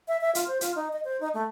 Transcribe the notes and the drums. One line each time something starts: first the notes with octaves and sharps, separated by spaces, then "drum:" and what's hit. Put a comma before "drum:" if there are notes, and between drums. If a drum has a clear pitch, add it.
E5
E5
F4, drum: hi-hat
C5
F4, drum: hi-hat
D#4
D#5
C5
D#4
A3